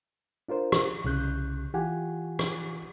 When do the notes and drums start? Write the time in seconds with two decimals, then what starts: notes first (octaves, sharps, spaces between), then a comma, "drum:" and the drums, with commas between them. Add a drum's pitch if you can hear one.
0.48 D4 F4 A#4 C5
0.72 drum: rim click
1.04 C2 C#3 F#6 G6
1.74 E3 F4 G4 F#5 G#5
2.39 drum: rim click